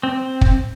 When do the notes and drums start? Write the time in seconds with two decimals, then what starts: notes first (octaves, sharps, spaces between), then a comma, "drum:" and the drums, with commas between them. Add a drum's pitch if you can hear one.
0.03 C4
0.41 drum: kick